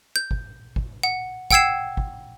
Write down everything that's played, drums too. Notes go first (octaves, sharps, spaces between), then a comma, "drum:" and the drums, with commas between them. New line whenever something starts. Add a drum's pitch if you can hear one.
G6
drum: kick
drum: kick
F#5
F#5 G5 E6 G#6 C7 E7, drum: kick
drum: kick